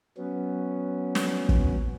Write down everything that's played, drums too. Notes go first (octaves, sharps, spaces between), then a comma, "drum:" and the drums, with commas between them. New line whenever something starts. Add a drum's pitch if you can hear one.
F#3 B3 C#4
drum: snare
drum: kick